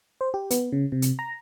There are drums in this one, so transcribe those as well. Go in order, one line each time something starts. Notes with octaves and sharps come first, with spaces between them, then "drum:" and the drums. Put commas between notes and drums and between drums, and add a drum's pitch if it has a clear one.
C5
G4
B3, drum: hi-hat
C#3
C3
drum: hi-hat
A#5